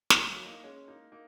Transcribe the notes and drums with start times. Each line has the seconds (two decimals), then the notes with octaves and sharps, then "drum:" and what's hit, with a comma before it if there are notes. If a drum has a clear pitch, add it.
0.10 F#3, drum: snare
0.27 F#3 A#3
0.46 A#3 D#4
0.64 G#3 C#4
0.88 A#3 D#4
1.12 A#3 D#4